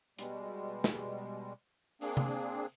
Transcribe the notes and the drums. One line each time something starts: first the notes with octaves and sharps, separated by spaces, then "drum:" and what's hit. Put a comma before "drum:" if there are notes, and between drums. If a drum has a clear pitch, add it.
B2 G3 G#3, drum: hi-hat
drum: snare
A#3 C4 D4 G#4, drum: open hi-hat
drum: tom C3